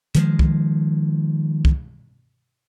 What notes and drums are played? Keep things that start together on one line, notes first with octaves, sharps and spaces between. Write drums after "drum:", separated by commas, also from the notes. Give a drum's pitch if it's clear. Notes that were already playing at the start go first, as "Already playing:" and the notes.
D#3 F3 G#3, drum: hi-hat
drum: kick
drum: kick